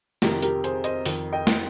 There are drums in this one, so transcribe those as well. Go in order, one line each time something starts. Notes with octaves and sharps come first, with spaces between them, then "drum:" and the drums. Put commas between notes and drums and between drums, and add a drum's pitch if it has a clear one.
F2 C3 D#3 G4 A#4, drum: snare
G4 A#4, drum: hi-hat
G#4 C5, drum: hi-hat
C5 D#5, drum: hi-hat
F2 D#3, drum: open hi-hat
D#5 G5
drum: snare